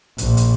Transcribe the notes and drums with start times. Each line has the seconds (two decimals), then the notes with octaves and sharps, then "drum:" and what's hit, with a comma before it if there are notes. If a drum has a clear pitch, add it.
0.18 A#1, drum: hi-hat
0.37 drum: hi-hat